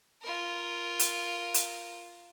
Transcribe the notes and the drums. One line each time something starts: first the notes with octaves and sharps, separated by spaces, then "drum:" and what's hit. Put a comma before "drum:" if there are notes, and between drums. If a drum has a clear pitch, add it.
F4 A#4
drum: hi-hat
drum: hi-hat